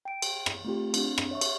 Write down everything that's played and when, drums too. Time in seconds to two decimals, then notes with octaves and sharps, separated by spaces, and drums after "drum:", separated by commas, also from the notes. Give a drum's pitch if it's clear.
0.05 G5 D7
0.22 drum: cymbal
0.46 drum: rim click
0.65 A3 C4 F4 G4
0.94 C4 D4, drum: cymbal
1.18 drum: rim click
1.31 C#5 E5 C#6
1.41 drum: cymbal